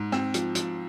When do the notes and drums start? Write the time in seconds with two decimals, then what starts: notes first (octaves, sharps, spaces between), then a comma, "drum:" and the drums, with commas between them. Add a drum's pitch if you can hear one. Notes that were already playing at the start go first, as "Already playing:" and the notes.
Already playing: G#2
0.12 C4, drum: rim click
0.34 F3, drum: hi-hat
0.55 F3, drum: hi-hat